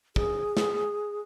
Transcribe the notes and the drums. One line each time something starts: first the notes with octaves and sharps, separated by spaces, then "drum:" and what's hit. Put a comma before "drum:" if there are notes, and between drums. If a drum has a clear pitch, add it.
G#4, drum: kick
drum: snare